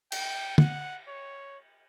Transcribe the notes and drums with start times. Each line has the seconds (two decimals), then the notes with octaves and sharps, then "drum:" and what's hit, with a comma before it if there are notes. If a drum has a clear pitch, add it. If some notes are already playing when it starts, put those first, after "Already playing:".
0.12 G5, drum: cymbal
0.58 F#5, drum: tom
1.07 C#5